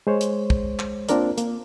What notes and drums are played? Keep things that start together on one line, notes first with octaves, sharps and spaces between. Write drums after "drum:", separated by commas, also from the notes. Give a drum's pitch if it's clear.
G#3 C5 C#5
drum: hi-hat
drum: kick
drum: clap
A#3 C4 D4 F4 A#4 D5, drum: hi-hat
A#3, drum: hi-hat